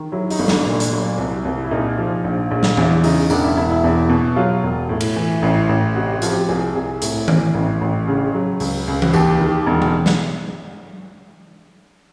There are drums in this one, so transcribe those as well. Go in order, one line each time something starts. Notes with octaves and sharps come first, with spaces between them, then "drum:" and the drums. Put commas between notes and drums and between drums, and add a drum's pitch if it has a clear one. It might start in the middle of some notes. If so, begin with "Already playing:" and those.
Already playing: D#3
F#3 E4
D#4, drum: open hi-hat
G1
D4, drum: snare
A#2
drum: hi-hat
F#3
C2
C2
E4
A#2 D#4
F3
A#1
A#1
drum: snare
E2 E4, drum: tom E3
C#3 D#4, drum: open hi-hat
E1 D4, drum: tambourine
E4
E1 E4
E4
E2
B2
F#3 F4
E1
A2
drum: cymbal
E3
A1
A1
C3 F#4
F#4
F3, drum: hi-hat
G4
C2 G#4
C2 G#4
A2, drum: hi-hat
E3, drum: tom D#3
A1
A1
C#3
F#3
C#2, drum: open hi-hat
C#2
F#4, drum: tom E3
D#2 G4, drum: tambourine
D#3
E1
drum: tom E3
drum: snare